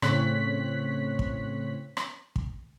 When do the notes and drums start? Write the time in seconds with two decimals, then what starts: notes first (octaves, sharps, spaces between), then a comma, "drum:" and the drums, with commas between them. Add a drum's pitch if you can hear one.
0.02 A2 C#3 C4 C#5 F#6 B6, drum: rim click
1.19 drum: kick
1.97 drum: rim click
2.36 drum: kick